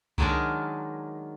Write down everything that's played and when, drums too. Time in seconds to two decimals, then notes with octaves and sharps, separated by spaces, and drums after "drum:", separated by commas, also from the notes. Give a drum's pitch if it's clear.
0.18 D#3 F#3 G#3 D4 D#4 A#4, drum: kick C#2